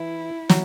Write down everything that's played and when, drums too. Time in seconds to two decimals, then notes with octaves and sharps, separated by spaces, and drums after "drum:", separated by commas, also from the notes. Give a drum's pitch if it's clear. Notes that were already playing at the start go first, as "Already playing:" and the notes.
Already playing: E3 E4
0.49 F#3, drum: snare